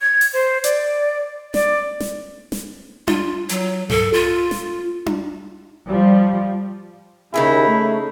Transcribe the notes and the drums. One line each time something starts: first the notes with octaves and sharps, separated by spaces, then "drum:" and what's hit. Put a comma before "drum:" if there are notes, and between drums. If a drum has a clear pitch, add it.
G#6
drum: open hi-hat
C5
D5, drum: hi-hat
D5, drum: snare
drum: snare
drum: snare
F4, drum: tom D4
F#3, drum: hi-hat
A4, drum: tom G2
F4
drum: snare
drum: tom D4
F3 G3
D#2 C#3 D#4 E4 G#4
A3